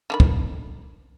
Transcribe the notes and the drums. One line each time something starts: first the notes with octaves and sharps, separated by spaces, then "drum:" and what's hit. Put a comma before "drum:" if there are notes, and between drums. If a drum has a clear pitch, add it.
D3 D#3 B5
drum: kick